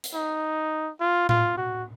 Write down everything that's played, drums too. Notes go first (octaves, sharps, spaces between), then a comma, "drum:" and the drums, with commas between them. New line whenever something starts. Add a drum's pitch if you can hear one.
drum: hi-hat
D#4
F4
F4, drum: tom A2
F#4